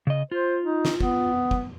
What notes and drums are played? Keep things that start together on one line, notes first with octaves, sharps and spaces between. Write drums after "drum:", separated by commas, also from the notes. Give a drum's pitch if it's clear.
C#3 D#5
F4 C5
D#4
drum: snare
B3, drum: kick
drum: kick